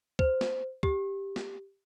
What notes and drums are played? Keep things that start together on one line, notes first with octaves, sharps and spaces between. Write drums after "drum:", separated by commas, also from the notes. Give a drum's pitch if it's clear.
C5, drum: kick
drum: snare
G4, drum: kick
drum: snare